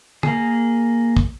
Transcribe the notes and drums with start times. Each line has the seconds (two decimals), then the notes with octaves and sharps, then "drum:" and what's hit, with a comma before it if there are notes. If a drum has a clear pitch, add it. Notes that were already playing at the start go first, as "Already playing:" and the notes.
0.23 A#3 G#4, drum: tom
1.17 drum: kick